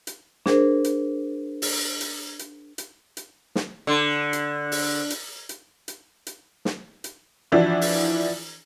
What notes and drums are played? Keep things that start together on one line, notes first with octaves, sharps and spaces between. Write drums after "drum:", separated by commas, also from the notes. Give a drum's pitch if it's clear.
drum: hi-hat
D4 G#4 A#4 C5, drum: snare
drum: hi-hat
drum: open hi-hat
drum: hi-hat
drum: hi-hat
drum: hi-hat
drum: hi-hat
drum: snare
D3
drum: hi-hat
drum: open hi-hat
drum: hi-hat
drum: hi-hat
drum: hi-hat
drum: hi-hat
drum: snare
drum: hi-hat
E3 F3 D4 E4 F#4
drum: open hi-hat